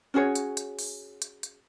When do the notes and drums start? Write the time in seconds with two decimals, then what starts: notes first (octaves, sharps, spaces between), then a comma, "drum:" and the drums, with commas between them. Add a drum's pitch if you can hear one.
0.14 C#4 F#4 G#4 C#5
0.35 drum: hi-hat
0.57 drum: hi-hat
0.79 drum: open hi-hat
1.22 drum: hi-hat
1.43 drum: hi-hat